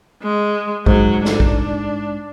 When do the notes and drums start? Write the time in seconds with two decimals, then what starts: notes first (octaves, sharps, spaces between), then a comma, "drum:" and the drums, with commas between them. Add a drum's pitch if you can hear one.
0.22 G#3
0.86 G#2 F#3, drum: kick A#1
1.25 D4, drum: snare
1.40 drum: kick A#1